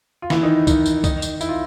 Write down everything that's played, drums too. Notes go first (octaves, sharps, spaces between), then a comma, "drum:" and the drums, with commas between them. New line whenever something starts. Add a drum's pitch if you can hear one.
F4
E3 E4, drum: snare
D#3 D#4
D#3 D#4, drum: kick C2, tambourine
drum: tambourine
D#3 D#4, drum: kick C2, tambourine
drum: tambourine
E4, drum: tambourine
F4